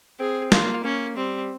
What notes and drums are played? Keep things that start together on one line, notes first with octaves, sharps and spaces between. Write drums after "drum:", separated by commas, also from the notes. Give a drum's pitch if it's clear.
C4 G#4
A#3 F4, drum: snare
A#3 C#4
G3 C4